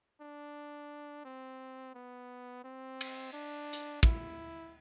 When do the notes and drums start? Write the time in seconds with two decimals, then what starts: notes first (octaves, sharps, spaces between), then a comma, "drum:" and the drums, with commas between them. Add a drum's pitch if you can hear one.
0.21 D4
1.25 C4
1.94 B3
2.64 C4
3.01 drum: cymbal
3.33 D4
3.73 drum: hi-hat
4.03 E4, drum: kick